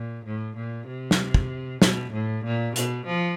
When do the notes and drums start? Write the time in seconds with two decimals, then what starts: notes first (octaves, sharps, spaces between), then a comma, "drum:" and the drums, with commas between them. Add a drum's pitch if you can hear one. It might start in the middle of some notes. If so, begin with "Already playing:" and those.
Already playing: A#2
0.25 A2
0.56 A#2
0.87 C3
1.11 drum: snare
1.34 drum: kick
1.82 B2, drum: snare
2.12 A2
2.44 A#2
2.76 B2, drum: hi-hat
3.06 F3